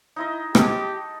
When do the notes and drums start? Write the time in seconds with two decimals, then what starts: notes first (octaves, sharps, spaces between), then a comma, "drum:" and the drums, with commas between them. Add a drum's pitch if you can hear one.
0.16 D#4 E4 D#5
0.55 G#3 D#4 G4 A4, drum: rim click